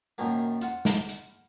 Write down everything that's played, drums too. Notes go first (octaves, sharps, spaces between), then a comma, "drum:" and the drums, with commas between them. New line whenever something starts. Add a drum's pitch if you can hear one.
F#2 A#2 D#3 F3 A#3
F4 F#5, drum: hi-hat
drum: snare
drum: hi-hat